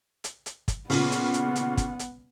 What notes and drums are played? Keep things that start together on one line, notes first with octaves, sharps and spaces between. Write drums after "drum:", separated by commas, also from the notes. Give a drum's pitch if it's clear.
drum: hi-hat
drum: hi-hat
drum: kick, hi-hat
A#2 C#3 B3 F#5, drum: open hi-hat
drum: hi-hat
drum: hi-hat
drum: hi-hat
drum: kick, hi-hat
drum: hi-hat